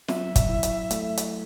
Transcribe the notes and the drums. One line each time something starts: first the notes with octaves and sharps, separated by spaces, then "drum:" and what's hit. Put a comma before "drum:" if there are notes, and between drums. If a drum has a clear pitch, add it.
F#3 E5, drum: snare
drum: kick, hi-hat
E4
drum: hi-hat
A3, drum: hi-hat
drum: hi-hat